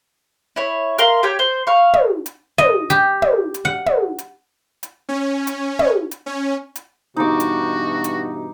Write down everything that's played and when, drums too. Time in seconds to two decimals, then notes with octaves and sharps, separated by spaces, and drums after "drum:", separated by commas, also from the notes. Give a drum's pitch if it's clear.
0.56 E4 C#5
0.98 A#4 F5 C6, drum: hi-hat
1.23 G4 C#5 G6
1.39 C5
1.67 F5 C#6
1.94 drum: tom
2.26 drum: hi-hat
2.58 D#5, drum: tom
2.90 G4, drum: hi-hat
3.22 drum: tom
3.54 drum: hi-hat
3.65 F#5
3.86 drum: tom
4.18 drum: hi-hat
4.83 drum: hi-hat
5.09 C#4
5.47 drum: hi-hat
5.79 drum: tom
6.11 drum: hi-hat
6.26 C#4
6.76 drum: hi-hat
7.17 G2 B2 E3 D#4 F#4 D6
7.40 drum: hi-hat
8.04 drum: hi-hat